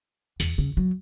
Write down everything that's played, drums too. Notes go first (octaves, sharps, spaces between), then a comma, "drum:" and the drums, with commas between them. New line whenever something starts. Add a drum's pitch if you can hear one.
E2, drum: open hi-hat
C#3
F#3